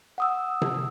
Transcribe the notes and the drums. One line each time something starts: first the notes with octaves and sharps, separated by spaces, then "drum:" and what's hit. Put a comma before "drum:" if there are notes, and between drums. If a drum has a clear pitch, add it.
F#5 D#6 E6
drum: tom C3